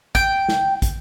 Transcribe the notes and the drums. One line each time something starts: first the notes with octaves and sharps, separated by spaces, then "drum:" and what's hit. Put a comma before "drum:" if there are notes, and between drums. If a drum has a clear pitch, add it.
G5, drum: kick, hi-hat
drum: snare
drum: kick, hi-hat